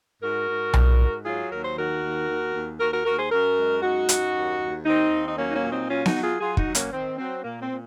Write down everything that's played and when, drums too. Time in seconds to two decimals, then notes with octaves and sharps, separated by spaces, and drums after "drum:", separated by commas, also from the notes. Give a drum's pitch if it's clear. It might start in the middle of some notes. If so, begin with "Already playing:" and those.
0.22 G#2 F#4 A#4
0.48 G#2
0.74 G#2, drum: tom B1
0.99 G#2
1.25 F#3 F4 G#4
1.51 D#2 A#4
1.64 C5
1.77 D#3 F#4 A#4
2.03 D#2
2.29 D#2
2.53 D#2
2.80 D#2 F#4 A#4
2.92 F#4 A#4
3.05 D#2 F#4 A#4
3.18 G#4 C5
3.31 F#2 F#4 A#4
3.57 G#3
3.82 F#2 D#4 F#4
4.09 F#2, drum: hi-hat
4.34 D#2
4.60 D#2
4.86 D#3 C4 D#4
5.12 D#2
5.28 D#4
5.37 F#3 A#3 C#4
5.51 D#4
5.55 A#3 C#4
5.63 A#2
5.71 C4 D#4
5.88 F#3 C#4 F4
6.06 D#4 F#4, drum: snare B3
6.14 F#3
6.23 F4 G#4
6.40 F#3 F4 G#4
6.57 D#4 F#4, drum: kick
6.66 F#3
6.75 A#3 C#4, drum: hi-hat
6.92 D#3 C4
7.18 F#3 C4
7.43 A#2 A#3
7.61 C4
7.70 A#2